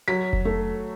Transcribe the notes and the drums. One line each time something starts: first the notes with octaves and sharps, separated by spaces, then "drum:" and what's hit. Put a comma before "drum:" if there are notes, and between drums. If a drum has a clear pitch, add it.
F#3 B6
drum: kick F1
A3